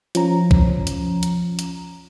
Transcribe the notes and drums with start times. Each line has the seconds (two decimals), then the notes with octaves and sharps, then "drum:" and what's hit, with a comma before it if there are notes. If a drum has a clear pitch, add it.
0.15 F3 C#4 A#5, drum: hi-hat
0.51 drum: kick
0.87 drum: hi-hat
1.23 drum: hi-hat
1.59 drum: hi-hat